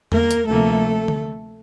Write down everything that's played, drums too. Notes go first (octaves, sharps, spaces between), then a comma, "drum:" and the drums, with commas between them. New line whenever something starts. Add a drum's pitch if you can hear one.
A#3 A#4, drum: tom E2
drum: hi-hat
D2 C3 F3 A3 A#3 A4
drum: tom D3